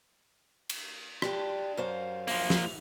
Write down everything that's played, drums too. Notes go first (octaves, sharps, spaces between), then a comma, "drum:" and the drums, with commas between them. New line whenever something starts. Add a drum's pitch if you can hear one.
drum: cymbal
D4 G4, drum: rim click
F#2 C5 F5
F3 A#3, drum: open hi-hat
drum: snare